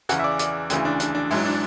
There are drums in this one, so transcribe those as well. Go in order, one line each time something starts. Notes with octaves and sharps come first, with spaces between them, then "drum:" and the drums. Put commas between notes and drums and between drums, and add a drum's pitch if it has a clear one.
E2 C#3 E3 F#5, drum: hi-hat
E5
D5
D5, drum: hi-hat
D2 C#3 E3, drum: hi-hat
D4
D4, drum: hi-hat
D4
G#1 G#2 F#3 E4, drum: open hi-hat
D4